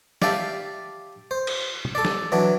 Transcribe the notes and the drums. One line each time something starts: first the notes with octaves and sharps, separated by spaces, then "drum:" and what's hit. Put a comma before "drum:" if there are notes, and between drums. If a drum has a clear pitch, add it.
G4 D5 E5 F5 A5, drum: snare
C5
drum: cymbal
drum: tom
A4 D5
drum: snare
E3 F#3 D4